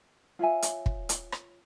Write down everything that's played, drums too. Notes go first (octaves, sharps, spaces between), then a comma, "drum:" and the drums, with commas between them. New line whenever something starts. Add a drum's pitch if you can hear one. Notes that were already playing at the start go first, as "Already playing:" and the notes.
F4 C#5 E5 G#5
drum: hi-hat
drum: kick
drum: hi-hat
drum: rim click